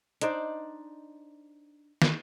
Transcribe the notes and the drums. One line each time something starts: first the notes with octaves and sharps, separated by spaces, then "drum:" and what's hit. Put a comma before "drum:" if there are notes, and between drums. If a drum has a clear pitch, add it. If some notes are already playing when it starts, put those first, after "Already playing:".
D4 D#4 C5 D5, drum: hi-hat
drum: snare